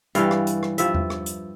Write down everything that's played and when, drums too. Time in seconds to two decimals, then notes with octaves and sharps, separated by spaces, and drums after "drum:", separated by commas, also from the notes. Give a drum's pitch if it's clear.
0.15 G2 E3 G3 F5, drum: hi-hat
0.31 drum: rim click
0.47 drum: hi-hat
0.63 drum: rim click
0.78 G2 F3 E5, drum: hi-hat
0.94 drum: tom E2
1.10 drum: rim click
1.26 drum: hi-hat